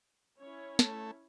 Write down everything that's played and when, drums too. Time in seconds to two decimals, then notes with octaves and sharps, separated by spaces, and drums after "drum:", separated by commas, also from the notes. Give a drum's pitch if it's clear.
0.39 C#4 E4 C#5
0.79 A3, drum: snare